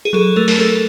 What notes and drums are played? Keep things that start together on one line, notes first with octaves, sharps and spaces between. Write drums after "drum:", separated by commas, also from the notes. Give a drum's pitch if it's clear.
G#4
F#3 A4
A3 A#4
A#4, drum: open hi-hat
A3 A4